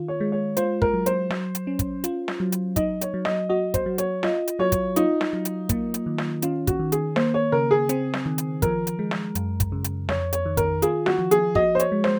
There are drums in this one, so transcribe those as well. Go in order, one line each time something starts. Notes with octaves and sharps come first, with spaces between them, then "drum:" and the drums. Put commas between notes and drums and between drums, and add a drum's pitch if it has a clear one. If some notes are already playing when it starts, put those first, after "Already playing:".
Already playing: D#3 F4
C#5
G#3
C#5
F4 C5, drum: hi-hat
A#4, drum: kick
F#3
C5, drum: hi-hat
F#3, drum: snare
drum: hi-hat
C#4
drum: kick, hi-hat
F4, drum: hi-hat
drum: snare
F#3
drum: hi-hat
D#4 D#5, drum: kick, hi-hat
C#5, drum: hi-hat
F#3
D#5, drum: snare
F#4 D#5
C5, drum: kick, hi-hat
F#3
C#5, drum: hi-hat
F4 D#5, drum: snare
drum: hi-hat
F#3 C#5
drum: kick, hi-hat
D#4 F4, drum: hi-hat
drum: snare
F#3
drum: hi-hat
A#3, drum: kick, hi-hat
drum: hi-hat
D#3
drum: snare
C#4 F4, drum: hi-hat
F#4, drum: kick, hi-hat
D#3
G#4, drum: hi-hat
A#3 C5, drum: snare
C#5
C#3 A#4
G#4
C4, drum: hi-hat
drum: snare
D#3
drum: hi-hat
F3 A#4, drum: kick, hi-hat
drum: hi-hat
G#3
drum: snare
F#2, drum: hi-hat
drum: kick, hi-hat
C#3
drum: hi-hat
F2 C#5, drum: snare
C#5, drum: hi-hat
D#3
A#4, drum: kick, hi-hat
F4 G#4, drum: hi-hat
F#4, drum: snare
F3
G#4, drum: hi-hat
F#4 D#5, drum: kick
C5
C#5, drum: hi-hat
G#3
C5, drum: snare